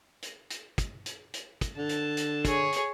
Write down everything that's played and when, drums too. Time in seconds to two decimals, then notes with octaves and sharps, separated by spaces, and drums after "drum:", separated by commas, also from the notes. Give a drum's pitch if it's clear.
0.22 drum: hi-hat
0.50 drum: hi-hat
0.78 drum: kick, hi-hat
1.06 drum: hi-hat
1.34 drum: hi-hat
1.61 drum: kick, hi-hat
1.77 D3 A5
1.89 drum: hi-hat
2.17 drum: hi-hat
2.45 G#4 C#5, drum: kick, hi-hat
2.72 drum: hi-hat